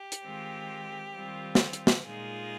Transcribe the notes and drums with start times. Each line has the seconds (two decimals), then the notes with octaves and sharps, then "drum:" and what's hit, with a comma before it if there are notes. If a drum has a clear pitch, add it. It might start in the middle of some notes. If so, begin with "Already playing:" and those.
Already playing: G4
0.12 drum: hi-hat
0.23 D#3 G#3 C4 F4
1.14 D#3 G3 C4 F4
1.55 drum: snare
1.73 drum: hi-hat
1.87 drum: snare
2.05 A#2 G#3 D#4 F4 G#4